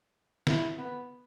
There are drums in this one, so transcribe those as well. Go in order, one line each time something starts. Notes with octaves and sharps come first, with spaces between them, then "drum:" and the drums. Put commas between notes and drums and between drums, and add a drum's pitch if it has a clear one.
E4, drum: snare
B3